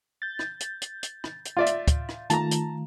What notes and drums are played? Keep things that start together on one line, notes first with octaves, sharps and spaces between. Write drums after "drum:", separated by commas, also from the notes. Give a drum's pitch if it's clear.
G6 A6
drum: rim click
drum: hi-hat
drum: hi-hat
drum: hi-hat
drum: rim click
drum: hi-hat
F4 D5 E5
drum: hi-hat
drum: kick, hi-hat
drum: rim click
D#3 A3 F4 A5 A#5, drum: hi-hat
drum: hi-hat